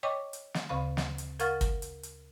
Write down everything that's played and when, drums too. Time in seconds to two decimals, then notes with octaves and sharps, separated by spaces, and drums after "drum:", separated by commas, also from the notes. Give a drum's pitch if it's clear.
0.03 C#5 D#5 G5 C#6 D6
0.33 drum: hi-hat
0.54 drum: snare
0.69 D2 C#3 F5 B5
0.97 drum: snare
1.18 drum: hi-hat
1.40 A#4 F5 F#5 C#6 F6 A6, drum: hi-hat
1.61 drum: kick, hi-hat
1.82 drum: hi-hat
2.03 drum: hi-hat